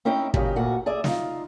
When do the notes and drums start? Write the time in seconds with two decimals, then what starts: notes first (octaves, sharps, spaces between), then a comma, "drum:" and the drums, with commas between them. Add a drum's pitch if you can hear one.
0.05 C4 C#4 D#4 E4 G5
0.34 A#2 C#3 F#3 D#4 G4, drum: kick
0.56 D2 A#2 F#4 F#5
0.86 G#4 D5 E5
1.04 D#4 F4, drum: snare